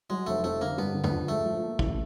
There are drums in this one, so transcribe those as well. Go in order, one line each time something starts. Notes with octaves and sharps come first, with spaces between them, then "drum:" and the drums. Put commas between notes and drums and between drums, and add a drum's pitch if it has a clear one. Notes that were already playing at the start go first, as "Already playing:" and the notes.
F#3 G#3
F1 A3
F2 A3
D3 A#3
G2 B3
D3
B3, drum: tom
F3
G#2 A3
F3
A#3
A1, drum: kick